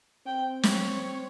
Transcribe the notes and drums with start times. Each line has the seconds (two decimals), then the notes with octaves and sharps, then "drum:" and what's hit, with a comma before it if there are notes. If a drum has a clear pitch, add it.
0.26 C4 G5
0.63 C#5, drum: snare